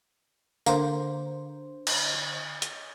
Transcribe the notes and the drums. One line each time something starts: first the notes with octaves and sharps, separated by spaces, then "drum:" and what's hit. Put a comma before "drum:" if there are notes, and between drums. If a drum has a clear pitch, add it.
D3 A#3 C5, drum: tambourine
drum: cymbal
drum: hi-hat